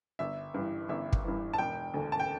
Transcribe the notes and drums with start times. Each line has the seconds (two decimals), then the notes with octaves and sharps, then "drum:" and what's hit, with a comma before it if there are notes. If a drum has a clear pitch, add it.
0.19 G1 E5
0.54 G2 E3
0.89 G1 E5
1.13 drum: kick
1.25 G2 E3
1.53 A5
1.58 E1 G5
1.94 D2 D3
2.12 A5
2.20 G5